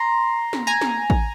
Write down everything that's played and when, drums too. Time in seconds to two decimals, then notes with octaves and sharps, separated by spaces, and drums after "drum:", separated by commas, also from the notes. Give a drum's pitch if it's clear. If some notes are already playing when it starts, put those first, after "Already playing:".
Already playing: A#5 C6
0.53 drum: snare
0.67 G#5 A#5
0.81 drum: snare
1.10 drum: kick A1